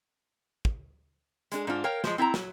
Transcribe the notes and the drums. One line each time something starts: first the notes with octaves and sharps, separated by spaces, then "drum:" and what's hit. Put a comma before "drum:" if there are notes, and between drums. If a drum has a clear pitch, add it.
drum: kick
G#3 D4 G#4, drum: hi-hat
G#2 D4 F4
A#4 C#5 F5 G5
F3 G#3, drum: snare
C4 E4 G5 A#5
F#3, drum: snare